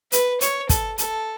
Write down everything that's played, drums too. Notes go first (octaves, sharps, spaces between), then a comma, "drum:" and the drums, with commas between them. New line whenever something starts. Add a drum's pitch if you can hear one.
B4, drum: hi-hat
C#5, drum: hi-hat
A4, drum: kick, hi-hat
A4, drum: hi-hat